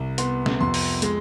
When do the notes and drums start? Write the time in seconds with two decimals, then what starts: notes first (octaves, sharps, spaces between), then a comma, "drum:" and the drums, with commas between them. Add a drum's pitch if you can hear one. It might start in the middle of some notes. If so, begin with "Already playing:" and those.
Already playing: C2
0.18 B3 C6, drum: hi-hat
0.46 drum: snare
0.60 F2 C6
0.74 drum: open hi-hat
1.02 G#3, drum: hi-hat